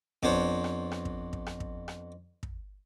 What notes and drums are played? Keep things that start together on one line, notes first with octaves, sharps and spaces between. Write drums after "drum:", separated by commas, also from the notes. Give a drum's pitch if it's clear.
F2 B3 D4 C5 C#5, drum: kick
drum: rim click
drum: rim click
drum: kick
drum: kick
drum: rim click
drum: kick
drum: rim click
drum: kick